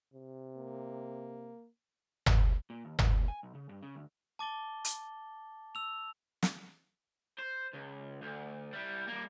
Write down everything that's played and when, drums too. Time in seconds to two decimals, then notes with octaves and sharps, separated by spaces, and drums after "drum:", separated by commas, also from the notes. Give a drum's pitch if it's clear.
0.14 C3
0.57 A#3
2.26 drum: tom G1
2.70 A#2
2.85 D#2
2.99 F#2, drum: tom G1
3.14 A#2
3.28 G#5
3.43 B1
3.55 C#3
3.69 G2
3.82 C#3
3.95 D2
4.39 A5 D6 A6 G7
4.85 drum: hi-hat
5.75 E6 F7
6.43 drum: snare
7.39 C5
7.74 C#2
8.22 D2
8.73 G3 E4
9.08 G3 A#3